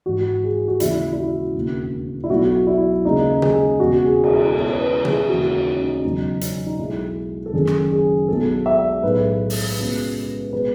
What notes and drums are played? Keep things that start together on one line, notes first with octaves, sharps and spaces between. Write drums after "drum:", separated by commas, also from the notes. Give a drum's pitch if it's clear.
G#1 G#2 E3 F#4
G#4
F#4
D#2 C#3 E3 G#3 E4, drum: hi-hat
E4
F#4
E1 D#2 C#3
E4
B1 B2 F#3 F#4
E4
D#2 C#3 G#3 D#4
G#4, drum: tom B2
E1 E2 C#3 F#4
G#4
G#4, drum: cymbal
A4
C#2 B2 G#3 A4
C#5
B4
G#4, drum: tom B2
D#2 C#3 E3 G#3 F#4
D#4
C#4
D#4
C#4
E1 E2 C#3 F#3 D#4
C#4, drum: hi-hat
D#4
B1 B2 G#3 E4
A4
F#1 F#2 D#3 G#4
drum: rim click
G#4
B1 B2 G#3 A4
E5
B1 A2 G#3 B4
drum: open hi-hat
C#2 B2 G#3
B2 G#3 B4